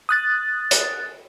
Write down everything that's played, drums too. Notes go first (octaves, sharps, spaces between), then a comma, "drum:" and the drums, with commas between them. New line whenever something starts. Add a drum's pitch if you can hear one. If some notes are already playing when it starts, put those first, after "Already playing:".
D#6 F#6 A6
drum: hi-hat